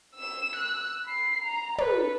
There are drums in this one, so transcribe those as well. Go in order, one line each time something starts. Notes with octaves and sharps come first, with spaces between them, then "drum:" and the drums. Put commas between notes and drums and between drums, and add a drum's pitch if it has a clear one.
E6 E7
E6 F#6
B5 C7
A#5
A4 B4, drum: tom